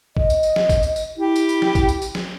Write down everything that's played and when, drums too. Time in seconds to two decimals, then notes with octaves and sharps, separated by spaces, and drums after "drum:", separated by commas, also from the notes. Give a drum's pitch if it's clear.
0.17 D#5, drum: kick G#1
0.30 drum: tambourine
0.43 drum: tambourine
0.56 drum: snare
0.69 drum: kick G#1, tambourine
0.83 drum: tambourine
0.96 drum: tambourine
1.18 E4 G4
1.36 drum: tambourine
1.49 drum: tambourine
1.62 drum: snare
1.75 drum: kick G#1, tambourine
1.88 drum: tambourine
2.02 drum: tambourine
2.15 drum: snare